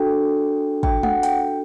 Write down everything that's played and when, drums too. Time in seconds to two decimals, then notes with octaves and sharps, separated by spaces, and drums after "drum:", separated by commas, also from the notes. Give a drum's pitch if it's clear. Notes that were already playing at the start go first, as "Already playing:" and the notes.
Already playing: D4 F#4 A4 G5
0.83 G5, drum: kick
1.03 F#5, drum: tom G#3
1.23 G5, drum: hi-hat